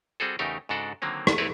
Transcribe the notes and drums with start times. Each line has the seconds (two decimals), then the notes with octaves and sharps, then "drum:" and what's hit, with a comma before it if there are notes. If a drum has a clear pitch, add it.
0.20 G3 C4 F#4 G#4 A4
0.39 E2 C#3 A3 D#4 G4 A#4
0.69 G#2 C#3 D4 F#4 A4 D5
1.02 D3 D#3 F#3 A#3 C4
1.27 drum: rim click
1.38 C4 E4 A#4 B4 C#5 D5